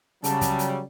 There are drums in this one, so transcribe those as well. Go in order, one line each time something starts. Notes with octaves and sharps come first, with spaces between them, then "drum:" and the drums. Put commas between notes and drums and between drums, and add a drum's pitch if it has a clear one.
C#3 F#3 G3 A5, drum: hi-hat
drum: kick, hi-hat
drum: hi-hat